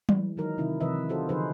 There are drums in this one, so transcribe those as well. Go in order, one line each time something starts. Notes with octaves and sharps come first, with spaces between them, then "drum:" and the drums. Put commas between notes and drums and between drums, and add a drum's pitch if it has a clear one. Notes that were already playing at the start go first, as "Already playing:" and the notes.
E3 G#3, drum: tom F#3
D#3 F#3 D#4 A#4
C3 D#3 E4
C3 E3 F3 B4 D#5 E5
D#4 F4 F#4 A4 C5
D3 F3 D#4 G#4 B4 C5